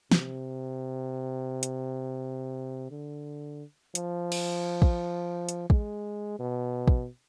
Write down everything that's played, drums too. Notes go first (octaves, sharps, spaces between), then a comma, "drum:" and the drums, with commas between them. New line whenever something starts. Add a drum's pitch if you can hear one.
C3, drum: snare
drum: hi-hat
D3
F3, drum: hi-hat
drum: cymbal
drum: kick
drum: hi-hat
G#3, drum: kick
B2
drum: kick